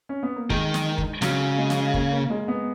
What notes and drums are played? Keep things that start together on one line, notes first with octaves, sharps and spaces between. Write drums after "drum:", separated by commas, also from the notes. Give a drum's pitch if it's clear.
C#4
B3
A#3
D#3 G#3, drum: kick
drum: snare
drum: kick
C#3 F#3, drum: snare
G#3
drum: snare
A#3, drum: kick
A#3
G#3
B3